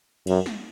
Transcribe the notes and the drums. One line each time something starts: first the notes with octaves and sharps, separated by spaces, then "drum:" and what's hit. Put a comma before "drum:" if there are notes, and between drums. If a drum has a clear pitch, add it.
F#2, drum: cymbal
drum: snare